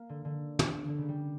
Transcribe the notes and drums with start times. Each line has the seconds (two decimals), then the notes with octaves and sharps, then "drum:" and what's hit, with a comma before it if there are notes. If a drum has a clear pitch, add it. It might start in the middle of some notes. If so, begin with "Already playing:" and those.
Already playing: A#3
0.09 D3
0.25 D3
0.59 drum: tom
0.88 D3
0.98 C#3
1.08 G3